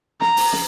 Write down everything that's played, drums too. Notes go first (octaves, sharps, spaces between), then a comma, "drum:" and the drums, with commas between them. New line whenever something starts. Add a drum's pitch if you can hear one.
A#5, drum: snare
drum: open hi-hat
drum: snare